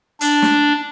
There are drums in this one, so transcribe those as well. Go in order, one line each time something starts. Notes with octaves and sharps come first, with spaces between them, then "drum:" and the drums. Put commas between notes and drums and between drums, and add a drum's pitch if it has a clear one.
D4, drum: hi-hat
drum: snare